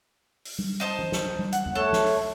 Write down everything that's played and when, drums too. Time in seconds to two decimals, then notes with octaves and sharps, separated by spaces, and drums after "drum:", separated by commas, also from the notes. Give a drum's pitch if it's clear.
0.45 drum: open hi-hat
0.59 drum: tom G3
0.80 D#4 C5 A5
0.99 drum: tom E3
1.12 drum: snare
1.39 drum: tom G3
1.52 F#5, drum: hi-hat
1.66 drum: tom E2
1.75 A3 A4 C#5 A5 F#6
1.93 drum: snare
2.06 drum: open hi-hat